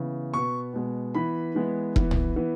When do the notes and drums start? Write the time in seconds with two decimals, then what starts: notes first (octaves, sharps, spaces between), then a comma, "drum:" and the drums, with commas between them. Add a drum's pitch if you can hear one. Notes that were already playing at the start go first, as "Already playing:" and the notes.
Already playing: C#3 E3 B3
0.34 B2 B3 C#6
0.73 B2 G#3 B3
1.15 E3 B3 B5
1.55 E3 G#3 B3
1.96 E3 B3, drum: kick E1
2.11 drum: tom
2.36 E3 B3